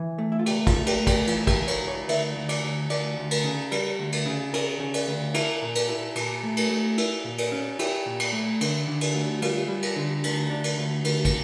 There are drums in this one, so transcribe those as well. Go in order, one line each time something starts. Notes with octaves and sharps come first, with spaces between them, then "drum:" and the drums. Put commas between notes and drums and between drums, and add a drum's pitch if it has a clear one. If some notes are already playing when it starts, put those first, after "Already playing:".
Already playing: E3
A3
E4
F4
C#2 G4, drum: cymbal
F4, drum: kick, cymbal
A3
G4, drum: cymbal
A3
G4, drum: kick, cymbal
E3 F4, drum: cymbal
G4, drum: kick, cymbal
C#2
C#5, drum: cymbal
C#2
C#5
D2 E5, drum: cymbal
D2
D5, drum: cymbal
D2
D2 D5, drum: cymbal
D2
drum: cymbal
C#3
G3, drum: cymbal
D2
drum: cymbal
C#3
C#3 A#4, drum: cymbal
C#3
drum: cymbal
D2
E4 A#4, drum: cymbal
A#2
drum: cymbal
E4
A#2, drum: cymbal
A3
drum: cymbal
A3
E4, drum: cymbal
A#2
drum: cymbal
C#4
E4 G4, drum: cymbal
A#2
drum: cymbal
A3
D3, drum: cymbal
D3
drum: cymbal
D2
G3 F4, drum: cymbal
G3
drum: cymbal
D3
D2, drum: cymbal
D4
drum: cymbal
D2
D2, drum: cymbal
drum: kick, cymbal